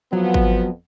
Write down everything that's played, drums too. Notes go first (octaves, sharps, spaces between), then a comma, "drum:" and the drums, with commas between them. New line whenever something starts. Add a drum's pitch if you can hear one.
F2 F3 F#3 B3
drum: kick G#1